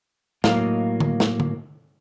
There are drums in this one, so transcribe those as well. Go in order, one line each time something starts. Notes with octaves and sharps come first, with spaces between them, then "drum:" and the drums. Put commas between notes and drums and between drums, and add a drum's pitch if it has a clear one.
A2 F#3 A#3 D#5 F5, drum: snare
drum: tom D3
drum: snare
drum: tom D3